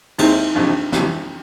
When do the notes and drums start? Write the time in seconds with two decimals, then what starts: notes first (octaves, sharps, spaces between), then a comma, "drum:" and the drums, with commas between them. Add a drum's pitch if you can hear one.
0.18 D#2 D#3 G#3 C4 D#4 E4, drum: cymbal
0.55 F#1 F2 C3 E3 D4
0.92 F#1 F2 C3 E3, drum: snare